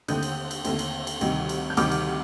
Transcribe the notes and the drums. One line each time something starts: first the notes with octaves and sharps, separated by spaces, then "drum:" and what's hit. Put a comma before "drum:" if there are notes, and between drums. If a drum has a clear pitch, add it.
D#2 D3 A3 C4 D#6 G6, drum: cymbal
drum: cymbal
drum: cymbal
D#2 D3 A3 C4, drum: cymbal
drum: cymbal
drum: cymbal
D2 C3 D#3 G3, drum: cymbal
drum: cymbal
G6
D2 C3 D#3 G3 D6 F6, drum: cymbal
drum: cymbal